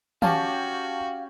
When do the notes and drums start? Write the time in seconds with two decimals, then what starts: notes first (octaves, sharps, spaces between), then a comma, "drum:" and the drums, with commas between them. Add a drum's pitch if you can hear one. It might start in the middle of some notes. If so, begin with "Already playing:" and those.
0.22 C#4 F#4 G4 F5 A5, drum: tom